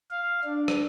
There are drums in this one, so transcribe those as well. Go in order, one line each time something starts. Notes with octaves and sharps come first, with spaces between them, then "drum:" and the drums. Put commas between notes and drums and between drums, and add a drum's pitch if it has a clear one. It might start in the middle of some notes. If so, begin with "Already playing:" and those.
F5
D4
drum: rim click